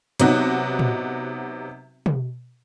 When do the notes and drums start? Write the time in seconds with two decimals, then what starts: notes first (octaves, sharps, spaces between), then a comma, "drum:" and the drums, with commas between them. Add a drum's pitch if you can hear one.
0.20 C3 F#3 B3 D#4 F#4, drum: hi-hat
0.79 drum: tom
2.06 drum: tom